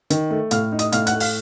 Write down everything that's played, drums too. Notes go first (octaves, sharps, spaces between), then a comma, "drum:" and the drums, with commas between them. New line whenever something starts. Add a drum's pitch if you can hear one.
D#3, drum: hi-hat
A3
A2 F5 F6, drum: hi-hat
D#4
D#5 D#6, drum: hi-hat
A2 F5 F6, drum: hi-hat
F#5 F#6, drum: hi-hat
A3
F5 F6, drum: open hi-hat